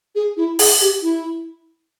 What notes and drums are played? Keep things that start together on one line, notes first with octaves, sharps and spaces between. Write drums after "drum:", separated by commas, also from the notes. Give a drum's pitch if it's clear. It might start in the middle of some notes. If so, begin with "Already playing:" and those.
G#4
E4
G#4, drum: open hi-hat
G4
E4